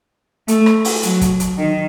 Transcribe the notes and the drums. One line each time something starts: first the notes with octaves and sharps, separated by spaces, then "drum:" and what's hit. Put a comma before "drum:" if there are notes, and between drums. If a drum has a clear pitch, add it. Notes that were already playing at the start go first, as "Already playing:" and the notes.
A3, drum: hi-hat
drum: rim click
drum: open hi-hat
F#3, drum: hi-hat
drum: kick, hi-hat
drum: hi-hat
D#3